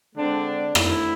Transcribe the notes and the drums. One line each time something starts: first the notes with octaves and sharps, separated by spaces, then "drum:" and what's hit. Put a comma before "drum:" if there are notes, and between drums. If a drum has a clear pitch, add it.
D3 G#3 C4 D4
D3 A3 C4 E4, drum: rim click